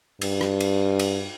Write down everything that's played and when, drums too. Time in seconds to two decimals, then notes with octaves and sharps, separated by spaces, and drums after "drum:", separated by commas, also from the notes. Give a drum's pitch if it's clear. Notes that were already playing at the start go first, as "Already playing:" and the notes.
0.21 G2, drum: cymbal
0.41 drum: rim click
0.60 drum: cymbal
0.99 drum: cymbal